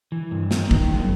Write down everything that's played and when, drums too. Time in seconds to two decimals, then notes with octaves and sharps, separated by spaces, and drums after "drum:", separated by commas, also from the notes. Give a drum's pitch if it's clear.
0.12 E3
0.31 G2
0.51 D#3 A3, drum: snare
0.65 A#3
0.71 D#3, drum: kick
0.90 F#2 G#3